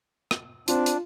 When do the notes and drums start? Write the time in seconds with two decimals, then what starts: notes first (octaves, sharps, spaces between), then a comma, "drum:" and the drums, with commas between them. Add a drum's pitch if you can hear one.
0.31 drum: rim click
0.68 C4 D4 F4, drum: hi-hat
0.86 drum: hi-hat